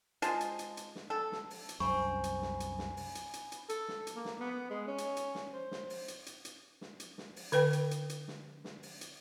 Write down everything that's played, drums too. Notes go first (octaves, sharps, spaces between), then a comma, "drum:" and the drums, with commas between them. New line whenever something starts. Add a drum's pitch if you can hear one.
G#3 F4 C5 A5, drum: hi-hat
drum: hi-hat
drum: hi-hat
drum: hi-hat
drum: snare
A4
drum: snare
drum: open hi-hat
drum: hi-hat
C2 F#2 C5 G5 G#5 B5 C#6
drum: hi-hat
drum: snare
drum: hi-hat
drum: snare
drum: open hi-hat
drum: hi-hat
drum: hi-hat
drum: hi-hat
A4, drum: hi-hat
drum: snare
drum: hi-hat
A#3
drum: snare
B3
G#3
C#4
drum: hi-hat
drum: hi-hat
drum: snare
C5
drum: snare
drum: open hi-hat
drum: hi-hat
drum: hi-hat
drum: hi-hat
drum: snare
drum: hi-hat
drum: snare
drum: open hi-hat
D3 B4 G5, drum: hi-hat
drum: hi-hat
drum: hi-hat
drum: hi-hat
drum: snare
drum: snare
drum: open hi-hat
drum: hi-hat